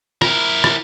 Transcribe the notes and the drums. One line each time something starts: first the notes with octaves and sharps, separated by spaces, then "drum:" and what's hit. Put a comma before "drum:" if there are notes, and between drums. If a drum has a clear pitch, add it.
E4 A#4, drum: rim click
drum: rim click